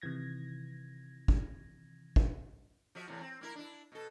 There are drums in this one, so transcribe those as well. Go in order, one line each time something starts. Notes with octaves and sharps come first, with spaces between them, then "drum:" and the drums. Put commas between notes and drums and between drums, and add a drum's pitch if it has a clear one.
C3 D#3 E3 G#6 A#6
drum: kick
drum: kick
F3 F#4 E5
E2 A2 C3
C4
A#3 E4 A#4
D4 E4
B2 A4